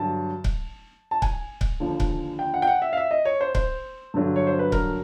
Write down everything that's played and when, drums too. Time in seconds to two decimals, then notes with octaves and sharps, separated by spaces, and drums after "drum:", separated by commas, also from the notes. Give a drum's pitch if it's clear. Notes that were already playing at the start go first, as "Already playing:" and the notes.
Already playing: G2 D3 F#3 A5
0.44 drum: kick C#1
1.11 A5
1.22 G#5, drum: kick C#1
1.61 drum: kick C#1
1.80 D#2 D3 F3
2.00 drum: kick C#1
2.39 G5
2.54 F#5
2.62 G5
2.67 F#5
2.82 E5
2.93 F5
2.97 E5
3.11 D#5
3.25 C#5
3.41 C5
3.55 C5, drum: kick C#1
4.14 G2 D3 F#3
4.36 C#5
4.47 C5
4.59 B4
4.72 A#4, drum: kick C#1